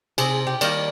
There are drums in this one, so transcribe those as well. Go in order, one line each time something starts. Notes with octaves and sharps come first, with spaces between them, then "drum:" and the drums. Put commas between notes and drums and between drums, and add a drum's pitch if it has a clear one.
C3 G#4, drum: cymbal
G4
D#3 G3 A#3, drum: cymbal